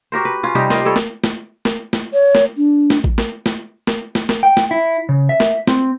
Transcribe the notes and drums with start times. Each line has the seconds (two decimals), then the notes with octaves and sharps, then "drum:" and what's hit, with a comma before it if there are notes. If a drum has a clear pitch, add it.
0.12 F#4 G4 A#4 C5
0.25 B4
0.43 C#4 F4
0.55 C3 G3 D#4 G4
0.70 F4 D#5 F5 G5, drum: snare
0.85 G3 A4 C#5
0.96 drum: snare
1.24 drum: snare
1.65 drum: snare
1.93 drum: snare
2.13 C#5
2.35 drum: snare
2.57 D4
2.90 drum: snare
3.04 drum: kick A1
3.18 drum: snare
3.46 drum: snare
3.87 drum: snare
4.15 drum: snare
4.29 drum: snare
4.43 G5
4.57 drum: snare
4.71 E4
5.09 C#3
5.29 E5
5.40 drum: snare
5.67 C4, drum: snare